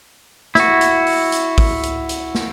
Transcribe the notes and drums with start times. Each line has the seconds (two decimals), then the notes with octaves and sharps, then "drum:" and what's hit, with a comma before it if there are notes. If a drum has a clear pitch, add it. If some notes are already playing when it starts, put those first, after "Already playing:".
0.55 E4 F#4, drum: snare
0.81 drum: hi-hat
1.06 drum: open hi-hat
1.32 drum: hi-hat
1.58 drum: kick, open hi-hat
1.83 drum: hi-hat
2.09 drum: hi-hat
2.35 drum: snare